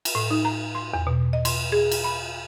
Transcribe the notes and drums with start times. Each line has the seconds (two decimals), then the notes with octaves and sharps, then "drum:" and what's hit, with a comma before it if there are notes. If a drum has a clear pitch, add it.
0.05 drum: cymbal
0.15 A2
0.31 D#4
0.45 A#5
0.75 C6
0.94 E2
1.07 B2
1.33 D#5
1.45 C6, drum: cymbal
1.72 G#4
1.92 drum: cymbal
2.04 B5